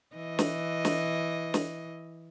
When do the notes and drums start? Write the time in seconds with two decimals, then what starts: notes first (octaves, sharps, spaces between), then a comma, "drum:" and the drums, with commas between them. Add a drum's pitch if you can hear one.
0.16 E3 D#5
0.39 drum: snare
0.85 drum: snare
1.54 drum: snare